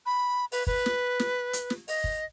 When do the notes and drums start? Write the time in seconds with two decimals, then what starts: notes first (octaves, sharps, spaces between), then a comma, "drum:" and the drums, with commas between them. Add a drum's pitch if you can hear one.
0.06 B5
0.52 B4, drum: open hi-hat
0.67 B4, drum: kick
0.86 drum: snare
1.20 drum: snare
1.53 drum: hi-hat
1.70 drum: snare
1.88 D#5, drum: open hi-hat
2.04 drum: kick